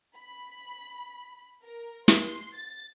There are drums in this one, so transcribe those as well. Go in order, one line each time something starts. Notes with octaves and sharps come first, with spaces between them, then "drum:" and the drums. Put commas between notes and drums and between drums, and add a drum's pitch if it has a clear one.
B5
A#4
C6, drum: snare
A6